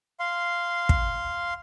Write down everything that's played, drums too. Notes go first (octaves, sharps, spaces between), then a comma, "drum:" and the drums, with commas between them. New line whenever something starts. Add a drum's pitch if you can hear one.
F5 C6
drum: kick